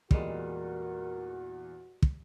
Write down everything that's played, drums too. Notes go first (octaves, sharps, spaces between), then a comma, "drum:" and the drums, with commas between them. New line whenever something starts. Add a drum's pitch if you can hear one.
E2 A#2 G3 G#3 F#4 A#4, drum: kick
drum: kick